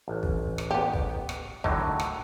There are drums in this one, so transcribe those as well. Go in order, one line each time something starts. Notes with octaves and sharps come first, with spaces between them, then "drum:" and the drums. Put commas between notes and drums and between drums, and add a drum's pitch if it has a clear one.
A1
drum: kick
drum: rim click
B3 G4
drum: kick
drum: rim click
A2 D3 D#3 F#3, drum: kick
drum: rim click